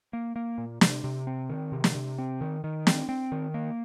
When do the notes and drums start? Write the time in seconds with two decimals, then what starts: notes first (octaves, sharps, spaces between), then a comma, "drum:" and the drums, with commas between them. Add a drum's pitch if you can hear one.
0.13 A#3
0.36 A#3
0.58 A#2
0.81 C3, drum: snare
1.04 C3
1.27 C4
1.50 D#3
1.72 C3
1.84 drum: snare
1.95 C3
2.19 C4
2.41 D#3
2.64 D#3
2.87 C4, drum: snare
3.09 C4
3.32 D#3
3.54 A#3